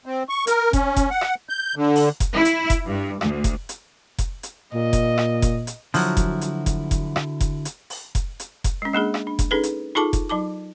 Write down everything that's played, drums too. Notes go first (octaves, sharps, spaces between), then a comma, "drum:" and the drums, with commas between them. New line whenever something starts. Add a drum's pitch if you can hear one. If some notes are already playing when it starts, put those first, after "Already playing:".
C4
C#6
A#4, drum: hi-hat
C#4, drum: kick F1, hi-hat
drum: kick F1, hi-hat
F#5
drum: rim click
G6
D3
drum: open hi-hat
drum: kick F1, hi-hat
E4
drum: hi-hat
drum: kick F1, hi-hat
G2
D2, drum: rim click
drum: kick F1, hi-hat
drum: hi-hat
drum: kick F1, hi-hat
drum: hi-hat
A#2 D#5
drum: kick F1, hi-hat
drum: rim click
drum: kick F1, hi-hat
drum: hi-hat
D3 F3 F#3 E4 F#4, drum: open hi-hat
drum: kick F1, hi-hat
drum: hi-hat
drum: kick F1, hi-hat
drum: kick F1, hi-hat
drum: rim click
drum: kick F1, hi-hat
drum: hi-hat
drum: open hi-hat
drum: kick F1, hi-hat
drum: hi-hat
drum: kick F1, hi-hat
G#3 C#4
G#3 A#3 D4 G#4
drum: rim click
D4
drum: kick F1, hi-hat
C#4 D#4 G#4 A4 B4
drum: hi-hat
D#4 F4 G#4 A4 A5 D6
drum: kick F1, hi-hat
F#3 D#4 A5 D6